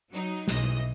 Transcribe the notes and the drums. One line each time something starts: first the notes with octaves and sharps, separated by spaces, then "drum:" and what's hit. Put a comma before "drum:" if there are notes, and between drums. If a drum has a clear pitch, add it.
F#3 D#4
B1 E3 D#5 A#6, drum: snare